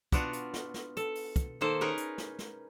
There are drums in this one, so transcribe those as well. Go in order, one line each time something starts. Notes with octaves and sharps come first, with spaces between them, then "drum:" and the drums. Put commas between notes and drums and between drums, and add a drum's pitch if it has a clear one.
B3 D4 F4 F#4, drum: kick, hi-hat
drum: hi-hat
drum: snare
drum: snare
A4, drum: hi-hat
drum: open hi-hat
drum: kick, hi-hat
D#3 A#3 A4 C5
C#4 D#4 G#4 A#4 B4
drum: hi-hat
drum: snare
drum: snare